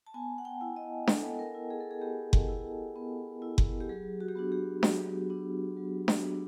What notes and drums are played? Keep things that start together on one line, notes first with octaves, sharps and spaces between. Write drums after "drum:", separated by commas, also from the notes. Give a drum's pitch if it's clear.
A5
B3 G#5
F#5
G5
E4
D#5
B3 A4, drum: snare D4
A#4
E4
G#4
A4
G#4
B3 G4
drum: kick F#1
E4
B3
E4
drum: kick F#1
G4
F#3 G#4
F#4
G4
B3 D4 F#4
G4
F#3 G4, drum: snare D4
B3 D4
F#3
drum: snare D4
B3 D4